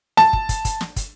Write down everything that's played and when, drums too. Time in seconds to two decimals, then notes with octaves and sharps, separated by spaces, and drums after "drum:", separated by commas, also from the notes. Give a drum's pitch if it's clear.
0.17 A5, drum: snare
0.33 drum: kick
0.49 drum: kick, hi-hat
0.65 drum: kick, hi-hat
0.81 drum: snare
0.96 drum: kick, hi-hat